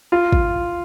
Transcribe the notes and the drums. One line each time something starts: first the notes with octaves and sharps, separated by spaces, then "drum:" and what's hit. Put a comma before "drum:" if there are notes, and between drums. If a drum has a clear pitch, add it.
F4
drum: kick